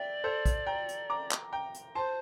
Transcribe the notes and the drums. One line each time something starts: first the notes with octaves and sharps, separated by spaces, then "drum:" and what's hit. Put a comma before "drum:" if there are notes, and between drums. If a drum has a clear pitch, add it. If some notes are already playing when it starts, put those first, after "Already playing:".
Already playing: D5 E5 G5
A4 C5
drum: kick A#1, hi-hat
G5 A#5
drum: hi-hat
A#5 D6
drum: clap
G5 A#5
drum: hi-hat
C5 A5 C6